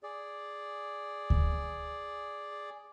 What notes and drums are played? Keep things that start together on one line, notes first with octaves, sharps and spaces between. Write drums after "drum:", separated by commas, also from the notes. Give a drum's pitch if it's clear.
G#4 D5
drum: kick D2